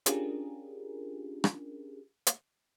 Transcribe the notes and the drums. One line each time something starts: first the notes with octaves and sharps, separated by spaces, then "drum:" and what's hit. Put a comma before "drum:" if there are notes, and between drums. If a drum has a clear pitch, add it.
C#4 D4 F4 G4 G#4 A#4, drum: hi-hat
drum: rim click
drum: hi-hat